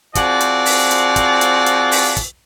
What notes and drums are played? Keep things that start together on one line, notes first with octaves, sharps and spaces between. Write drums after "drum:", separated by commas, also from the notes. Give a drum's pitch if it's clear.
F3 C4 F#4 G#4 D5, drum: kick, hi-hat
drum: hi-hat
drum: open hi-hat
drum: hi-hat
drum: kick, hi-hat
drum: hi-hat
drum: hi-hat
drum: open hi-hat
drum: kick, hi-hat